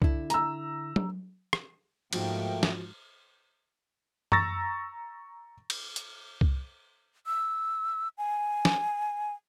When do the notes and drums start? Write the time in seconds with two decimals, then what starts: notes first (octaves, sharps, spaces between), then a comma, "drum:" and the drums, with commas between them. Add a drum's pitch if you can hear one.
0.02 D3 E4, drum: kick C2
0.30 A#5 E6, drum: hi-hat
0.96 drum: tom F#3
1.53 drum: rim click
2.13 G#2 F3 A3 A#3 F#4 G5, drum: cymbal
2.63 drum: snare
4.32 A#5 C#6 E6 A6 A#6, drum: tom F#2
5.70 drum: cymbal
5.96 drum: hi-hat
6.41 drum: kick C2
7.27 E6
8.18 G#5
8.65 drum: snare